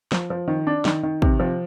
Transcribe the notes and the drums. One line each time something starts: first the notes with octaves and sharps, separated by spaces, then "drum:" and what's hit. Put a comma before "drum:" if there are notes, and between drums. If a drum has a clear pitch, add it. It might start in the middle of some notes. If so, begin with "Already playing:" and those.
F3, drum: snare
F3
D#3
D4
D#3, drum: snare
D#3
C3, drum: kick
F3